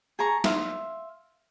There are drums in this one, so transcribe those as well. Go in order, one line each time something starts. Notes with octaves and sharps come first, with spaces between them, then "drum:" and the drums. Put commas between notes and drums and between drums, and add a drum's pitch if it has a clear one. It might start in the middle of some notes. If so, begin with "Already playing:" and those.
G#4 A5 A#5 C#6
E5 F5 C6, drum: snare